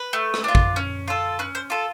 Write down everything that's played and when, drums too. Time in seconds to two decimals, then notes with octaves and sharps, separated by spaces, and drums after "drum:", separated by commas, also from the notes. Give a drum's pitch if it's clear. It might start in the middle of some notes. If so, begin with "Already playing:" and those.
Already playing: B4
0.13 A3
0.34 drum: rim click
0.44 D4 F4
0.55 drum: kick
0.76 C#4
1.08 F4 A4
1.39 C#4 B4
1.55 C5
1.70 F4 A4